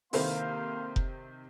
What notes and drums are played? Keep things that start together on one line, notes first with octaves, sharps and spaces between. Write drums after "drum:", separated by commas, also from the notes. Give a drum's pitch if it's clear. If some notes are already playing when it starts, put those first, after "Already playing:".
C3 D#3 A#3 E4 A4 C5 F5 C6, drum: open hi-hat
drum: kick F1